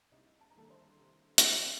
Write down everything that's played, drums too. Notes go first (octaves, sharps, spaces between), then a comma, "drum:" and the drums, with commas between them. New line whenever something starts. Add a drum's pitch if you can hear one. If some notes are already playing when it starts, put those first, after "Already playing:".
C2 D#4 D#5
A5
A#5
C3 D#3 G3 A#3 A4 A5
C5 C6
C2
drum: hi-hat